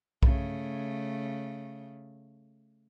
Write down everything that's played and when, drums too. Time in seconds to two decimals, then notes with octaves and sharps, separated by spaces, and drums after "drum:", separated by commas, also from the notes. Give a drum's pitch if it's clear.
0.23 C#3 A3, drum: kick B1